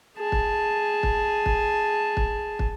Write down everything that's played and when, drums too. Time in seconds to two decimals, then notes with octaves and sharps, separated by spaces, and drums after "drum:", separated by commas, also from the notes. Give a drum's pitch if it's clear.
0.18 G#4 A5
0.32 drum: kick
1.03 drum: kick
1.46 drum: kick
2.17 drum: kick
2.59 drum: kick